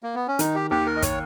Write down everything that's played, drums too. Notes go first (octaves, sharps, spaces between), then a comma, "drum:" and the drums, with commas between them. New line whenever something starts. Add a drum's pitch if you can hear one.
A#3
B3
C#4
D#3 D#4, drum: hi-hat
G4
D#2 G4
A#4
D#5
C#5, drum: kick, hi-hat